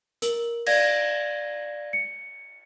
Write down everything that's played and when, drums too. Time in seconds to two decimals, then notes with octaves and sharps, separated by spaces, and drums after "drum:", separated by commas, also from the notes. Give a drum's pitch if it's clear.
0.22 A#4 F#7, drum: hi-hat
0.66 D5 F5 G#6 A#6, drum: cymbal
1.93 C#7